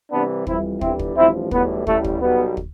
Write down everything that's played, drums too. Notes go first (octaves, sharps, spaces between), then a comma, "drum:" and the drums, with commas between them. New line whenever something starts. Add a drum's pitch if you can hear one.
C2 C3 E3 G3 B3 D4
F2 E3 G3 C4 E4, drum: kick
G1 G2 E3 G3 C4 E4, drum: kick
drum: kick
A1 G2 F3 C4 E4
B1 A2 E3 G3 B3, drum: kick
A1 A2 G3 A3, drum: kick
drum: kick
B1 B2 G3 B3
drum: kick